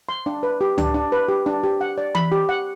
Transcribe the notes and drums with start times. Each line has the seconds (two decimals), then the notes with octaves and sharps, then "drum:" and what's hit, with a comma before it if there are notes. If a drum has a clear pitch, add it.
0.09 C6
0.26 D4
0.43 B4
0.61 G4
0.78 D4, drum: tom C#2
0.94 D4
1.12 B4
1.28 G4
1.46 D4
1.63 G4
1.81 F#5
1.98 D5
2.15 B5, drum: tom E3
2.32 G4
2.49 F#5